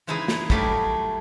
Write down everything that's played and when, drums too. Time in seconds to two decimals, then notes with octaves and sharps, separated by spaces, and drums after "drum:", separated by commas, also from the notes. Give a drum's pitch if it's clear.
0.07 C#3 E3 G#3 D#4 E4 G#4
0.28 drum: snare
0.50 F#3 G3 A3 G#4 A#4 D5, drum: kick